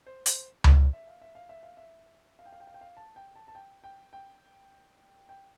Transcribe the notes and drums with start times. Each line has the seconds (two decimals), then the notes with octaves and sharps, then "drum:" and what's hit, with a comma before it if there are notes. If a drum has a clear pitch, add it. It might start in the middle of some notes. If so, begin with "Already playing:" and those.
0.07 C5
0.26 C5, drum: hi-hat
0.64 D5, drum: tom C#2
0.93 E5
1.07 F5
1.21 E5
1.35 F5
1.49 E5
1.63 F5
1.77 E5
2.39 F5
2.46 G5
2.52 F5
2.60 G5
2.67 F5
2.74 G5
2.81 F5
2.97 A5
3.16 G5
3.36 A5
3.48 A5
3.55 G5
3.84 G5
4.13 G5
5.29 G5